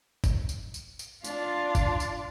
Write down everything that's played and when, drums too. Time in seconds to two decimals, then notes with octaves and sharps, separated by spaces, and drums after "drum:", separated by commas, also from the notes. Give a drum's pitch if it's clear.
0.24 drum: kick, tambourine
0.49 drum: tambourine
0.74 drum: tambourine
0.99 drum: tambourine
1.24 D4 F4, drum: tambourine
1.75 drum: kick, tambourine
2.00 drum: tambourine